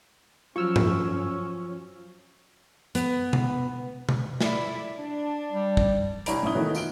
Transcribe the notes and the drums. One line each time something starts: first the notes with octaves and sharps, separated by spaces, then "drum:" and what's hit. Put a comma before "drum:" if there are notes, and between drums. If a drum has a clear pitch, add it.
F3 F#3 C#4 F4 C#6 E6 F6
drum: tom G2
B3, drum: hi-hat
drum: tom B2
drum: tom B2
E4 D5, drum: snare
D4
G3
drum: kick
C2 D4 C#5 A#5 B5 D7, drum: hi-hat
G#2 C#4 E4 D#6 G7
D#3 E3 A3 B3 F#4 C#5
F4 D7 G7, drum: tambourine